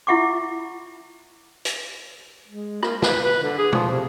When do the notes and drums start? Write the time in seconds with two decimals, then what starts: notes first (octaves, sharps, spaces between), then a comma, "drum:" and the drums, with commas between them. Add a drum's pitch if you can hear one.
0.07 E4 F4 E5 F#5 C#6 D6
1.65 drum: hi-hat
2.48 G#3
2.83 A#3, drum: rim click
3.02 B4, drum: snare
3.24 B4
3.43 D3
3.58 G#4
3.72 F3, drum: tom
3.90 C3